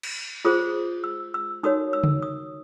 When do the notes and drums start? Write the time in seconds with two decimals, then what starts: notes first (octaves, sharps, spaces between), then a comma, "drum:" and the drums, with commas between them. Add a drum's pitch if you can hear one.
0.03 drum: cymbal
0.45 F4 G#4 C5 D#6
1.04 E6
1.34 E6
1.63 D#4 F#4 A#4 C#5 D#6
1.93 E6
2.04 drum: tom C#3
2.22 D#6